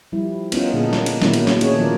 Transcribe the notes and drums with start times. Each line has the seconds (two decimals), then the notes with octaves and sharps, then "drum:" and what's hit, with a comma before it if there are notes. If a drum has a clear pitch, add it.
0.12 F3 G3 E4
0.52 B3 C#4 D#4 F4, drum: cymbal
0.74 A#2 D3 A#3 D4 D#4 G#4
0.93 drum: snare
1.06 drum: cymbal
1.22 A#2 D#3 F#3 A#3 B3 E4, drum: snare
1.34 drum: cymbal
1.47 drum: snare
1.61 A3 C#4 D4 G#4 C#5, drum: cymbal
1.78 D#3 F3 F#3 F4 A#4 D5